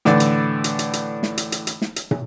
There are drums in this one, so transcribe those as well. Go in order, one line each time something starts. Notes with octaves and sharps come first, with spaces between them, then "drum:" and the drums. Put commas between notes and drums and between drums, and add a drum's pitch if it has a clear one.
A2 D3 E3 D5, drum: snare
drum: hi-hat
drum: hi-hat
drum: hi-hat
drum: hi-hat
drum: snare
drum: hi-hat
drum: hi-hat
drum: hi-hat
drum: snare
drum: hi-hat
drum: tom